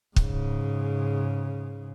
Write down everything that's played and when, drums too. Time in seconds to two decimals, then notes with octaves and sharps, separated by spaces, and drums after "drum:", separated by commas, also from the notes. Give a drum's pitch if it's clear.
0.16 G#2 C#3, drum: kick